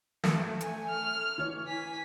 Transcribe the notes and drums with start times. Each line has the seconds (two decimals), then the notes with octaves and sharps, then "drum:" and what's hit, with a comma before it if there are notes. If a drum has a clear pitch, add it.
0.24 A3, drum: snare
0.61 G#5, drum: hi-hat
0.90 F6
1.38 E3 C#5
1.67 G#5 B6